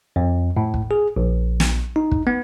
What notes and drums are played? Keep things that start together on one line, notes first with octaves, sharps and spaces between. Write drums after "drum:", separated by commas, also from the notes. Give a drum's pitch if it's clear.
F2
A2
drum: kick
G#4
A#1
drum: snare
D#4
drum: kick
B3